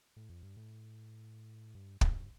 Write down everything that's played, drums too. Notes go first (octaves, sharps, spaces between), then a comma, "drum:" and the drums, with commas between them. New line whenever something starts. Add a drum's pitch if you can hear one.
A2
F2
G2
A2
G2
G2, drum: kick